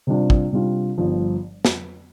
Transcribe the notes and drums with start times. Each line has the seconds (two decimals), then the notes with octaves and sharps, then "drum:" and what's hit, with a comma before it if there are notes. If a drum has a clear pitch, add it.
0.07 C3 G3 D4 F4
0.30 drum: kick
0.53 C3 G3 D4 F4
0.98 G1 G2 F3
1.65 drum: snare